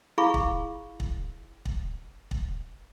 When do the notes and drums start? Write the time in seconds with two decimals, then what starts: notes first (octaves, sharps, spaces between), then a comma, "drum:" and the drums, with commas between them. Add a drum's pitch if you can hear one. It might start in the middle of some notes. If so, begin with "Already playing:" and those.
0.18 E4 F4 G#4 F5 B5 C#6
0.34 drum: kick
1.00 drum: kick
1.65 drum: kick
2.31 drum: kick